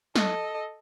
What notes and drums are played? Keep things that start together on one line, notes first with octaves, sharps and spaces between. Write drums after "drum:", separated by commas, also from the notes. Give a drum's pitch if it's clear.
A4 D#5, drum: snare